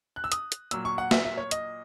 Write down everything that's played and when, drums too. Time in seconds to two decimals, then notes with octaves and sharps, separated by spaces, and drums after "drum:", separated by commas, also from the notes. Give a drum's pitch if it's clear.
0.16 F#6
0.24 E6
0.32 D#6, drum: hi-hat
0.52 drum: hi-hat
0.71 A#2 F#3 E6, drum: hi-hat
0.85 C#6
0.98 F#5
1.11 E5, drum: snare
1.25 E5
1.38 C#5
1.51 D#5, drum: hi-hat